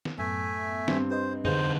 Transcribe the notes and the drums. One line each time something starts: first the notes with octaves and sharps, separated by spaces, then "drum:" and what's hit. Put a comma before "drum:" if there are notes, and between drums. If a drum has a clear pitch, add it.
drum: snare
F#2 A2 A3 B3 E5 G#5
G2 C4, drum: snare
G4 B4 C5 D#5
D3 D#4 G#4 B4 C5 F5, drum: tom